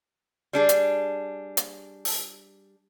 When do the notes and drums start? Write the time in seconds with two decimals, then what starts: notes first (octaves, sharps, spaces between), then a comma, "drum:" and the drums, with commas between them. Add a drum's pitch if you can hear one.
0.53 G3 D4 G#4
0.69 drum: hi-hat
1.57 drum: hi-hat
2.05 drum: open hi-hat